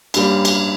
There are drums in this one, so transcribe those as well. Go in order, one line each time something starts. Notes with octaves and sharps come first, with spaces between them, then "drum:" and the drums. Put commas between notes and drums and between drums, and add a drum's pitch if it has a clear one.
G2 G3 A#3 C#4, drum: cymbal
drum: cymbal